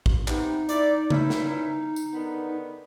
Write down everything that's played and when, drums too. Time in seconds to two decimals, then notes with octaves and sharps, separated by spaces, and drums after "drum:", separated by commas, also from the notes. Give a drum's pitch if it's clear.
0.06 drum: kick A1
0.28 C3 B3 D#4, drum: clap
0.69 E4 D5, drum: hi-hat
1.10 G2 C#4 E4, drum: tom C#3
1.30 drum: snare
1.96 drum: tambourine
2.13 D3 D#3 B3